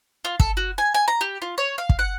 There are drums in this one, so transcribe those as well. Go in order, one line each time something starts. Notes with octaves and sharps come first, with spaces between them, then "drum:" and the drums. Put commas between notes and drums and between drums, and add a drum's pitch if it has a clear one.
F4
A4, drum: kick
F#4
G#5
G#5
A#5
G4
F4
C#5
F5
drum: kick
F#5